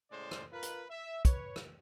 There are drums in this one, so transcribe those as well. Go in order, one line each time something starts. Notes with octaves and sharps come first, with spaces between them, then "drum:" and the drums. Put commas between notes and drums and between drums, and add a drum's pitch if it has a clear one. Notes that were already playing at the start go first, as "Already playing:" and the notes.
A2 C#3 G#3 C5 D5
drum: rim click
F4 A#4 B4
drum: hi-hat
E5
B4 C#5, drum: kick, hi-hat
drum: rim click